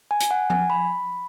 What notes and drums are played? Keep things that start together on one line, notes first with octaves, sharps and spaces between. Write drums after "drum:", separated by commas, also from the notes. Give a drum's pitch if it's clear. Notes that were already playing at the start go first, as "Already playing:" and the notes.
G#5
drum: hi-hat
F#5
G#5, drum: tom F3
B5